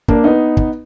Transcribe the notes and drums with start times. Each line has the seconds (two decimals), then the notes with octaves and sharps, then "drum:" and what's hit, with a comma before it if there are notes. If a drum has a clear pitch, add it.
0.08 A#3 D4, drum: kick
0.24 B3 D#4
0.57 drum: kick